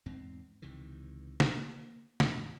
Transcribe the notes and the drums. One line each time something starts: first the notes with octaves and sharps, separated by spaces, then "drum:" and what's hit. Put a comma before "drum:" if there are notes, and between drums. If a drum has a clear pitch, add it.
E2 G#2 C4
C#2 C3 D#3 E3
A#3, drum: snare
E2 A2 E3 F#3, drum: snare